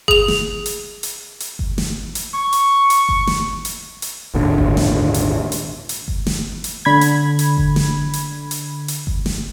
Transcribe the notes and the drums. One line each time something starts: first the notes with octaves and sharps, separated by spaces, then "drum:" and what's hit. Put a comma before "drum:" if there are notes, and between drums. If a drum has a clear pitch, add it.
G#4 F7, drum: kick G1
drum: snare
drum: hi-hat
drum: hi-hat
drum: hi-hat
drum: kick G1
drum: snare
drum: hi-hat
C#6
drum: hi-hat
drum: hi-hat
drum: kick G1
drum: snare
drum: hi-hat
drum: hi-hat
G#1 D#2 A#2 D3
drum: kick G1
drum: snare
drum: hi-hat
drum: hi-hat
drum: hi-hat
drum: kick G1
drum: snare
drum: hi-hat
D3 B5 G#6
drum: hi-hat
drum: hi-hat
drum: kick G1
drum: snare
drum: hi-hat
drum: hi-hat
drum: hi-hat
drum: kick G1
drum: snare